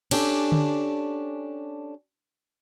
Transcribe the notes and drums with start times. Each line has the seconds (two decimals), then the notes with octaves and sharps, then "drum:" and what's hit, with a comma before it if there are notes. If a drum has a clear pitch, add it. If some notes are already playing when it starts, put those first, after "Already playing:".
0.11 C#4 D4 G4 A4, drum: cymbal
0.52 drum: tom D3